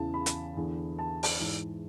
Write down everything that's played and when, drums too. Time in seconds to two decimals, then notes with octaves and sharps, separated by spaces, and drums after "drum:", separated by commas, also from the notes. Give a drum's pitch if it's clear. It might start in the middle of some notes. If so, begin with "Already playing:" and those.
Already playing: E2 C#3 E3 A5
0.14 B5
0.26 drum: hi-hat
0.57 E2 D3
0.99 A5
1.23 drum: open hi-hat
1.40 G#2 E3